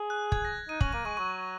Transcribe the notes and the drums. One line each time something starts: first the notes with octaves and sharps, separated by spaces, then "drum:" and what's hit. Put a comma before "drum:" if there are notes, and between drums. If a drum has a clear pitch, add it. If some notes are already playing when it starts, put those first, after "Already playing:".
Already playing: G#4
F#6
G#6, drum: kick
A#6
D#4 D#7
C#4 F#7, drum: kick
A#3 D#7
G#3 C#6
F#3 C#6